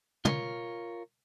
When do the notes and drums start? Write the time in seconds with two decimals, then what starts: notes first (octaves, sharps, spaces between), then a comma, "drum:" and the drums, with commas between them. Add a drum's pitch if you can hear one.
0.25 F4 A#4 C#5, drum: tom